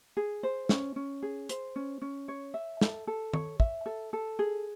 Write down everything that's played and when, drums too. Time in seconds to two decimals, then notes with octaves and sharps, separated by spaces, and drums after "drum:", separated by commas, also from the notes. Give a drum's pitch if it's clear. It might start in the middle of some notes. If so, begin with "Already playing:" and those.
0.17 G#4
0.43 C5
0.69 C#4, drum: snare
0.96 C#4
1.23 G#4
1.49 C5, drum: hi-hat
1.76 C#4
2.02 C#4
2.28 C#5
2.54 E5
2.81 A4, drum: snare
3.07 A4
3.34 C#5, drum: tom D#3
3.60 E5, drum: kick
3.86 A4
4.13 A4
4.39 G#4